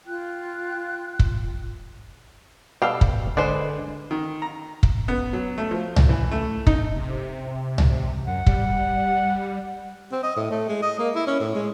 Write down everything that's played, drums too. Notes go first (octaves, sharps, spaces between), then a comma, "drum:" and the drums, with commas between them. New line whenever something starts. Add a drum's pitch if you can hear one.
F4 G5 F#6
drum: kick
B2 G3 A4 F5 G5
drum: kick
D3 G#3 B4 C5 D5
D#3
A#5
drum: kick
B3
F#3
A3
F3
drum: tom C2
E3
A3
D#4, drum: kick
C3
drum: tom C2
F#2 F#5
G3, drum: kick
C4
D#5
A2
A3
G#3
D#5
A#3
E4
C#4
A2
G#3